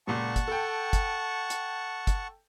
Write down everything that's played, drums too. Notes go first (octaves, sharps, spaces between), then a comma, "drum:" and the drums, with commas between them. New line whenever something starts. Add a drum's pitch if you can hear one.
C#2 A#2 F#5 A5 C#6
drum: kick, hi-hat
A4 G5
drum: kick, hi-hat
drum: hi-hat
drum: kick, hi-hat